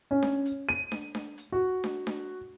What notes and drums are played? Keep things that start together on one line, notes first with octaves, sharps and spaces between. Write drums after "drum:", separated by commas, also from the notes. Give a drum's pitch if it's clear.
C#4
drum: snare D4
drum: hi-hat
D#7
drum: snare D4
drum: snare D4
drum: hi-hat
F#4
drum: snare D4
drum: snare D4